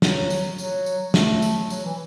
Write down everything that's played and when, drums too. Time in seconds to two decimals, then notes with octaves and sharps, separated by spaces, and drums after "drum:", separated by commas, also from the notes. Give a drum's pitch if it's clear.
0.02 F#3, drum: snare
0.30 drum: tambourine
0.58 F#3, drum: tambourine
0.86 drum: tambourine
1.14 A3, drum: snare
1.42 drum: tambourine
1.70 F#3, drum: tambourine
1.84 E3